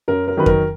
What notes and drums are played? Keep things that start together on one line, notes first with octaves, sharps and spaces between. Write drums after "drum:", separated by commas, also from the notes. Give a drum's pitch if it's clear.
F#2 A#4
A#4
D#3 F#3 B4
A#4, drum: kick F2